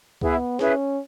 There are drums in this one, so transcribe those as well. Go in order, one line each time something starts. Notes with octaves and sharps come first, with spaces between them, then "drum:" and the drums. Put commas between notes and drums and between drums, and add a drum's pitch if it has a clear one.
B3 E4 G#4 B4 E5, drum: kick C#2
C#4 E4 G#4 B4 E5, drum: snare